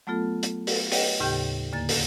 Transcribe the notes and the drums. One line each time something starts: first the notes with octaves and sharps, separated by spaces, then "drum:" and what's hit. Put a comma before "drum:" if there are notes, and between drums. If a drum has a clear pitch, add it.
F#3 A3 B3 F4 A4
drum: hi-hat
drum: open hi-hat
G4 B4 C#5 D#5 F#5 G5, drum: open hi-hat
D#2 A2 C#3 G4 G5 G6
E2 D3 A#3 A6
drum: open hi-hat